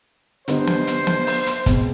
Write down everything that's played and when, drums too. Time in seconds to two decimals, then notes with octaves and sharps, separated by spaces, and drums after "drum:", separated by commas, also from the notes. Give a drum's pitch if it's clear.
0.48 D3 G3 B3 D#4 C5, drum: hi-hat
0.68 drum: snare
0.87 drum: hi-hat
1.07 drum: snare
1.27 drum: open hi-hat
1.47 drum: hi-hat
1.66 B2 G#3 C4, drum: kick, hi-hat